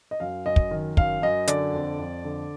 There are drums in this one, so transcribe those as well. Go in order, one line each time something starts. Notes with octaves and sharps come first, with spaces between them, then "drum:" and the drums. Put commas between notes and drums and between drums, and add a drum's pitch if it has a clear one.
D#5
F#2 F5
F#2 D#5
drum: kick
D#3
F#2 F5, drum: kick
F#2 D#5
D3 D5, drum: hi-hat
F2
F2
D3